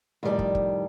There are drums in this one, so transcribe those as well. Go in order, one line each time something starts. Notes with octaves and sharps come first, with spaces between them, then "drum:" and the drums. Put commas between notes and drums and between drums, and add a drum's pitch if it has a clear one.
F2 A2 D#3 G3 D5 A5
drum: kick
drum: kick